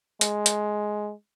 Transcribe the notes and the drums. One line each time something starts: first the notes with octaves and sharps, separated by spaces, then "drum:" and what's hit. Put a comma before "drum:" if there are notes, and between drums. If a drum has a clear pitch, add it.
G#3, drum: hi-hat
drum: hi-hat